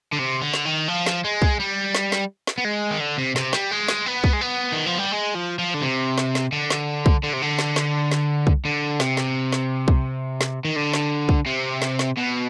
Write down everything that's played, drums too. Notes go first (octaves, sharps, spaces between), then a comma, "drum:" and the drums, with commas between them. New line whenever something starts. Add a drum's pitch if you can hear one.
D3
C3
D3
drum: snare
D#3
F3
drum: snare
G#3
drum: kick
G3
drum: snare
drum: snare
drum: snare
B3
G#3
D#3
D3
C3
C3, drum: snare
G3, drum: snare
G#3
drum: snare
B3
drum: kick
G#3
B3
D#3
F3
G3
G#3
F3
F3
D3
C3
drum: snare
drum: snare
D3
drum: snare
drum: kick
D3
C3
D3
drum: snare
drum: snare
drum: snare
drum: kick
D3
C3, drum: snare
drum: snare
drum: snare
drum: kick
drum: snare
D#3
D3
drum: snare
drum: kick
C3
drum: snare
drum: snare
B2